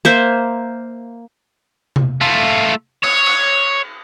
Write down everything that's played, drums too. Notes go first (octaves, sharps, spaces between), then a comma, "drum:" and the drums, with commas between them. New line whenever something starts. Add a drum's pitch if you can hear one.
A#3 C5 E5
drum: tom C3
A3 F4
C#5, drum: cymbal
drum: cymbal